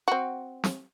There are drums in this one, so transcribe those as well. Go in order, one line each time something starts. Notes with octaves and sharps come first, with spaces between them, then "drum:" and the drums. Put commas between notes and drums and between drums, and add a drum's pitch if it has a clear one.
C4 F#4
drum: snare